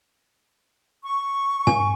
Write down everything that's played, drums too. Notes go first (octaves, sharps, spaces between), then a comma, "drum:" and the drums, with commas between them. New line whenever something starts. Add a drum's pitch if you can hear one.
C#6
G#5, drum: tom